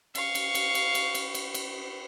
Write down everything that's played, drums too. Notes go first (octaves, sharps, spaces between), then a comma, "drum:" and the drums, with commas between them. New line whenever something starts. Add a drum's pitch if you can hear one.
F5 C#6, drum: cymbal
drum: cymbal
drum: cymbal
drum: cymbal
drum: cymbal
drum: cymbal
drum: cymbal
drum: cymbal